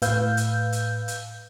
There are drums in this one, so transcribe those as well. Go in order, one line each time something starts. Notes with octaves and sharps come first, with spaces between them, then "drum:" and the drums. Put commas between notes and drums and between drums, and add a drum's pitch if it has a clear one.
A2 B4 F5 E6 G6, drum: hi-hat
drum: hi-hat
drum: hi-hat
drum: hi-hat